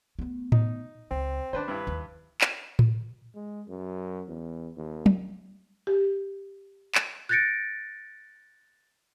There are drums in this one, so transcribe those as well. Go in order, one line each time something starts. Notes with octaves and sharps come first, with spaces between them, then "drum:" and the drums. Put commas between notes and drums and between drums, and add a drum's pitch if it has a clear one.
A3 B3
D#4, drum: tom A2
C#2 C4
D#3 D4 B4 C5
G2 E4 B4
D#2
drum: clap
drum: tom A2
G#3
F#2
E2
D#2
drum: tom F#3
G4
drum: clap
F#6 G6 A6 A#6 C#7 D7